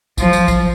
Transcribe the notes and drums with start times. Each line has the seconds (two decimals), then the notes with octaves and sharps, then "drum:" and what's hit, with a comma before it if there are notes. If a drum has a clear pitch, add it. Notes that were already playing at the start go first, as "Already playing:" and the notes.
0.18 F3, drum: kick G#1, tambourine
0.33 drum: tambourine
0.48 drum: kick G#1, tambourine